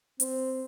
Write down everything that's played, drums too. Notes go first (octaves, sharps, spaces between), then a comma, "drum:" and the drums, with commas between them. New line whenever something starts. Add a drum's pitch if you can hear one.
C4, drum: hi-hat